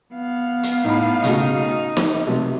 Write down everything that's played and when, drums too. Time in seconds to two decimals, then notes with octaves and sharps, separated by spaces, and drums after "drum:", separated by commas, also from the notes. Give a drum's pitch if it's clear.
0.14 B3 F5
0.63 drum: hi-hat
0.85 A2 D#4 B5
1.24 C#3 A3 D#4 F#4, drum: hi-hat
1.97 drum: snare
2.27 C3 F#3 A3